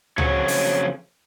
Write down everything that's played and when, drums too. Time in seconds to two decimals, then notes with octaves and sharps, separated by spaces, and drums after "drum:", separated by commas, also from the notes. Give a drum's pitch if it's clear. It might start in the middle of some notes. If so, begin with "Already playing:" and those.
0.18 F2 C#3 F#3 C#5, drum: tom C#2
0.48 drum: open hi-hat